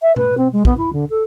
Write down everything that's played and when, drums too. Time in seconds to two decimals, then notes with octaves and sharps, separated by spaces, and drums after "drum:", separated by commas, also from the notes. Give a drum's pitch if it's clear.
0.01 E5
0.16 B4, drum: tom B2
0.37 C4
0.52 G#3
0.65 B3, drum: kick
0.77 E4
0.92 D3
1.10 A4